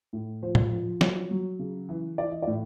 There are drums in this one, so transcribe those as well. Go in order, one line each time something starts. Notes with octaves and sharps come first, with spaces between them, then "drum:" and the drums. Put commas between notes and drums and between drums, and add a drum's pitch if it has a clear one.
A2
F3 C5
drum: tom A2
F3
F#3 C#5, drum: snare
F#3
C#3
E3
E3 D5
D#5
A2 D5